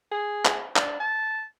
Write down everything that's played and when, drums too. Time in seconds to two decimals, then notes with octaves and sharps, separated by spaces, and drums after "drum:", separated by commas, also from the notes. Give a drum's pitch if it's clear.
0.11 G#4
0.45 drum: clap
0.76 D4, drum: clap
1.00 A5